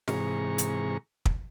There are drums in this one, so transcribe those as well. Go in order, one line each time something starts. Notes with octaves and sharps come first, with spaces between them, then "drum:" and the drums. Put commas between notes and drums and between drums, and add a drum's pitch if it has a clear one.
G#2 C3 E3 G#4 A#5 C#6, drum: snare
drum: hi-hat
drum: kick